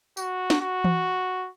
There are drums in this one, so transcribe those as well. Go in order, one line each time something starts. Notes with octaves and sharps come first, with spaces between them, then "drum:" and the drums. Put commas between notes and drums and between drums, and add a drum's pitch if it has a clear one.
F#4, drum: tambourine
drum: snare
F#4
drum: tom E3